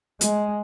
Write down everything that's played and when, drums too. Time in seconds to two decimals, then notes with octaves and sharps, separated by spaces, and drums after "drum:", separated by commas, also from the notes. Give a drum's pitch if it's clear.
0.21 G#3, drum: hi-hat